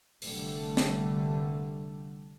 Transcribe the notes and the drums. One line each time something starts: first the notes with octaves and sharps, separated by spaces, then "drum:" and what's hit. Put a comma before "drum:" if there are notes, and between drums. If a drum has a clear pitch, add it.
F1 D3 G3 A3, drum: open hi-hat
drum: snare